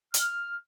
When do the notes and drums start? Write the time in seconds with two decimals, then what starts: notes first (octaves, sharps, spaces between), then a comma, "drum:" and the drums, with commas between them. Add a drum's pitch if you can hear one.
0.14 F6, drum: hi-hat